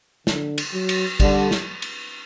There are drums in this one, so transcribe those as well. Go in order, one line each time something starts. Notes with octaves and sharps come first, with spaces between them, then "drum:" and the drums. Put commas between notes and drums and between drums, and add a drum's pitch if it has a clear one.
D3, drum: snare
drum: cymbal
F#3
drum: cymbal
D3 G3, drum: kick G#1, cymbal
drum: snare
drum: cymbal